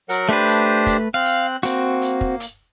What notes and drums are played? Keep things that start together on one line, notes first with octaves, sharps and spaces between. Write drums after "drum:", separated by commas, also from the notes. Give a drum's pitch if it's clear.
F#3 A#4 F#5, drum: hi-hat
A3 D4 G4 B4 C5
drum: hi-hat
drum: kick, hi-hat
C4 F5 F#6
drum: hi-hat
A#3 C4 F#4, drum: hi-hat
drum: hi-hat
drum: kick
drum: hi-hat